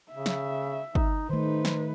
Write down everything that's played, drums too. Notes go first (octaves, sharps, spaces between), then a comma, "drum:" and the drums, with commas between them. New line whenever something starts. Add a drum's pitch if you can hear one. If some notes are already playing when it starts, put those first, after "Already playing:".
C#3 E5
drum: snare
D#4, drum: kick
D#3 A3 D#4 B4 C5
drum: snare